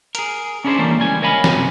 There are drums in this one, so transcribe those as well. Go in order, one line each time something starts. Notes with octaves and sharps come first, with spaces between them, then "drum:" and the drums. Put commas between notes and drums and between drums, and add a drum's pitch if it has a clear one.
G#4 A#4, drum: hi-hat
C#4 D4 E4 F#4 G#4 C5
E3 G3 A3 A#3 C#4
C#2 E3 G3 G#5
A#4 C#5 D#5 F5 G#5 B5
drum: snare
F#2 C3